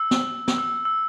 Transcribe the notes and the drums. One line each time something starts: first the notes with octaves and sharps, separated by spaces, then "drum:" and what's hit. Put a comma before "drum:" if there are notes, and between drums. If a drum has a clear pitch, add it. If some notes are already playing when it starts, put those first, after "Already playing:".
Already playing: E6
drum: snare
drum: snare
E6
E6